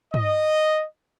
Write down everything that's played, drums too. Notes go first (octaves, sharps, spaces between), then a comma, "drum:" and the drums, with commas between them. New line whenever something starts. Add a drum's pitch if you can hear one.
D#5, drum: tom